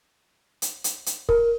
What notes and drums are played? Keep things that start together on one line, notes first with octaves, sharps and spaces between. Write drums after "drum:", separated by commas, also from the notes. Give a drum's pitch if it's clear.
drum: hi-hat
drum: hi-hat
drum: hi-hat
A#4, drum: kick